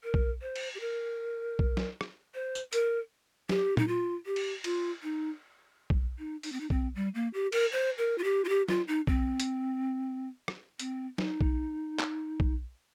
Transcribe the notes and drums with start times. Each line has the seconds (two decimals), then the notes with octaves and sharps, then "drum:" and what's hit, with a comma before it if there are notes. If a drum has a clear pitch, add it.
0.04 A#4
0.14 drum: kick
0.42 C5
0.56 drum: cymbal
0.75 G4
0.80 A#4
1.59 drum: kick
1.77 drum: snare
2.01 drum: rim click
2.34 C5
2.55 drum: tambourine
2.73 A#4, drum: hi-hat
3.49 G4, drum: snare
3.77 D#4, drum: tom
3.88 F4
4.26 G4
4.36 drum: cymbal
4.64 F4, drum: cymbal
5.03 D#4
5.90 drum: kick
6.19 D#4
6.43 D#4, drum: open hi-hat
6.52 C4
6.60 D#4
6.70 C4, drum: kick
6.95 G3
7.15 A#3
7.34 G4
7.52 A#4, drum: cymbal
7.72 C5
7.98 A#4
8.18 F4
8.24 G4
8.45 F4
8.49 G4
8.68 F4, drum: snare
8.88 D#4
9.07 C4, drum: kick
9.40 drum: hi-hat
10.48 drum: rim click
10.80 C4, drum: hi-hat
11.18 D#4, drum: snare
11.41 drum: kick
12.00 drum: clap
12.40 drum: kick